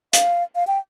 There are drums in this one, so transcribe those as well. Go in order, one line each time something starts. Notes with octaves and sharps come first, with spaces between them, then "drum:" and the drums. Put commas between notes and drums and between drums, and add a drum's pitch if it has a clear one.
F5, drum: hi-hat
F5
G5